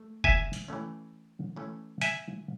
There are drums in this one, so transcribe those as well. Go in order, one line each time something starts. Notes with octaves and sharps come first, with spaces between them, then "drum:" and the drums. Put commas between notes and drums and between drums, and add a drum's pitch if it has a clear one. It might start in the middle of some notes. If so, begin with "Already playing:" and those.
Already playing: A3
E5 G#5, drum: kick
drum: hi-hat
E3 A3 C#4
E3 A3 C#4
E5 G#5, drum: hi-hat